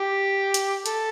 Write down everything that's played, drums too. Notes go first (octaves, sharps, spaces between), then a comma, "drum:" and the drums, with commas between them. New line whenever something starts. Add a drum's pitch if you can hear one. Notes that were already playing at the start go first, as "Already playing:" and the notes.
Already playing: G4
drum: hi-hat
A4, drum: hi-hat